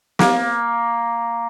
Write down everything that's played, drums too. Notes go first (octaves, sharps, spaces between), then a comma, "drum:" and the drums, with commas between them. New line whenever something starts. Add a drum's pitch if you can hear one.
A#3, drum: snare